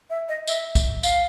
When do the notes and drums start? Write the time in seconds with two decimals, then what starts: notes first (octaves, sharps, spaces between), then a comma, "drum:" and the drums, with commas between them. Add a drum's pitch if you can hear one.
0.10 E5
0.29 D#5
0.47 E5, drum: tambourine
0.75 drum: kick, tambourine
1.03 F5, drum: tambourine